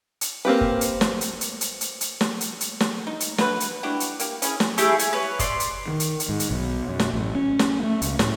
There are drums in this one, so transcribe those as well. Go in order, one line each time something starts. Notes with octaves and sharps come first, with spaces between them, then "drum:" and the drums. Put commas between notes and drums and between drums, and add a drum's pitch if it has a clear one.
drum: hi-hat
A#3 C4 G4 B4
drum: kick
drum: hi-hat
drum: snare
drum: hi-hat
drum: hi-hat
drum: hi-hat
drum: hi-hat
drum: hi-hat
drum: snare
drum: hi-hat
drum: hi-hat
drum: snare
D#4
drum: hi-hat
D3 A3 F#4 B4, drum: snare
drum: hi-hat
D4 E4 F#4 G4
drum: hi-hat
A#3 G4, drum: hi-hat
C#4 E4 G#4, drum: hi-hat
drum: snare
A3 E4 G4 G#4, drum: hi-hat
G#5, drum: hi-hat
B4 C#5
D5 C6, drum: kick, hi-hat
drum: hi-hat
D#3
drum: hi-hat
drum: hi-hat
G#2
drum: hi-hat
B1
F#2
drum: snare
A1
C#4
drum: snare
A3
C#2, drum: hi-hat
A2, drum: snare